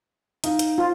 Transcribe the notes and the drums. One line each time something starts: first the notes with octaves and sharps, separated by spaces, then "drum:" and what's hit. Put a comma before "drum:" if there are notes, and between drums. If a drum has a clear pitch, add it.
D#4 F5, drum: hi-hat
drum: hi-hat
F4